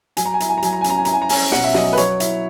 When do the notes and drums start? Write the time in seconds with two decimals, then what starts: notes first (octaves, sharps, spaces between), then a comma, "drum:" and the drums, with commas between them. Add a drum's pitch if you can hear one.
0.17 F#3 G#5, drum: hi-hat
0.25 A#5
0.34 G#5
0.40 E4 A#5, drum: hi-hat
0.49 G#5
0.58 A#5
0.62 F#3 G#5, drum: hi-hat
0.73 A#5
0.81 G#5
0.84 C#4, drum: hi-hat
0.90 A#5
0.97 G#5
1.05 E4 A#5, drum: hi-hat
1.13 G#5
1.22 A#5
1.29 C#4 G#5, drum: open hi-hat
1.52 B2 F#5, drum: snare
1.64 E5
1.74 F#3 D#5, drum: snare
1.93 B4
1.97 F#3 C#5, drum: hi-hat
2.20 E4, drum: hi-hat